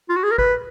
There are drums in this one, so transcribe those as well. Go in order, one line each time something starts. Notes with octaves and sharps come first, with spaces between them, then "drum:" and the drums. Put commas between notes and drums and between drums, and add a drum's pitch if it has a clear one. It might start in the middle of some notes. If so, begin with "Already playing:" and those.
F4
F#4
G#4
A#4
B4, drum: kick